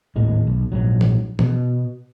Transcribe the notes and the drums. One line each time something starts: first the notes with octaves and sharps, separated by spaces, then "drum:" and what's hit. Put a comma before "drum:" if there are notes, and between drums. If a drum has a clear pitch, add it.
G#1 D#2 A2 G#3
B1
A#1 E2 G#2 F#3
drum: tom E3
B2, drum: tom E3